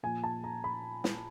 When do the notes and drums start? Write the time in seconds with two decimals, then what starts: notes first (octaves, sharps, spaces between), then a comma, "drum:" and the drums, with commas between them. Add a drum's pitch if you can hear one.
0.03 A#2 F3 G#5
0.24 A5
0.44 A#5
0.64 B5
1.04 drum: snare